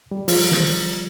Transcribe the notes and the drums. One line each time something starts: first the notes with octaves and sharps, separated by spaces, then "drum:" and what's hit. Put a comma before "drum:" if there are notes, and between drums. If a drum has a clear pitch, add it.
G3
F3, drum: open hi-hat
drum: snare